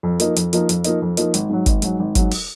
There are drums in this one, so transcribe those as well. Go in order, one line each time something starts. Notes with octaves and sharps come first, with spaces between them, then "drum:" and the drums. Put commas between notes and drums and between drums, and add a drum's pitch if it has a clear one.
F2
F3 A#3 D#4, drum: hi-hat
F2, drum: hi-hat
F3 A#3 D#4, drum: hi-hat
F2, drum: hi-hat
F3 A#3 D#4, drum: hi-hat
F2
F3 A#3 D#4, drum: hi-hat
G#1, drum: hi-hat
G#2 F#3
G#1, drum: kick G1, hi-hat
G#2 F#3, drum: hi-hat
G#1
G#2 F#3, drum: kick G1, hi-hat
drum: open hi-hat